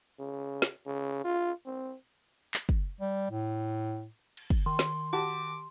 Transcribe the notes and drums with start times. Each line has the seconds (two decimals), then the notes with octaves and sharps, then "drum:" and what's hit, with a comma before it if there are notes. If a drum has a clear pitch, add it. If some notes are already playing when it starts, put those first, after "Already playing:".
0.19 C#3
0.62 drum: snare
0.86 C#3
1.24 F4
1.66 C4
2.54 drum: clap
2.69 drum: kick
3.01 G3
3.31 A2
4.37 drum: cymbal
4.50 drum: kick
4.66 D#3 C6
4.79 drum: snare
5.13 F#4 G4 A5 D6